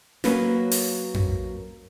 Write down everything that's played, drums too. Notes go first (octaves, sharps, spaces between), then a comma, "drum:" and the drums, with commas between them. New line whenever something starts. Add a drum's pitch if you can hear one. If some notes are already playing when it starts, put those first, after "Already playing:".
F#3 A#3 C#4 B4, drum: snare
drum: open hi-hat
drum: tom F2